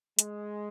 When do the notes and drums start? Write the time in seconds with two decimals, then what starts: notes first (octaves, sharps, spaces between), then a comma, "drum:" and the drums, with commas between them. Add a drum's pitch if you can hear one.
0.19 G#3, drum: hi-hat